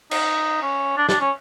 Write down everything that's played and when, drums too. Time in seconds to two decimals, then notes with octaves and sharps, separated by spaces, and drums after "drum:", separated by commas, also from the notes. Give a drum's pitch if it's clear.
0.11 D#4, drum: cymbal
0.62 C#4
0.97 D4
1.09 D4, drum: snare
1.20 C#4